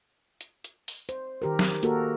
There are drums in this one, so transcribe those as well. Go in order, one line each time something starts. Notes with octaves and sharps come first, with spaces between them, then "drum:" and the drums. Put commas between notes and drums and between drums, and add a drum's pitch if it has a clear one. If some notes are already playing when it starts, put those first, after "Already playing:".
drum: hi-hat
drum: hi-hat
drum: open hi-hat
C5, drum: hi-hat
D#3 G4 A#4
drum: snare
A#3 F#4 G4 A4 A#4, drum: hi-hat